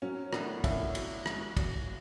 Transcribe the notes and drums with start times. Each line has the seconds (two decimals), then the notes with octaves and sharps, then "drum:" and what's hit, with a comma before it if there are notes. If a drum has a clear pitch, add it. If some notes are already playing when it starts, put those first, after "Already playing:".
0.02 F#3 C#4
0.33 A2 B3 D4, drum: rim click
0.64 A2 C#4 E4, drum: kick, cymbal
0.95 F#3, drum: cymbal
1.26 G#3, drum: rim click
1.57 B2, drum: kick, cymbal